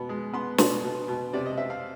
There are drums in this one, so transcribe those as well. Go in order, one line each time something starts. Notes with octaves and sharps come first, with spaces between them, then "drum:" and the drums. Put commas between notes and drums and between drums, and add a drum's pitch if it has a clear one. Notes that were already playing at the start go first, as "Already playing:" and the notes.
Already playing: B2 B3 B5
G#3
B3 C6
B2 C6, drum: snare
B2
B2
C3 D5
D#5
C4 E5
F5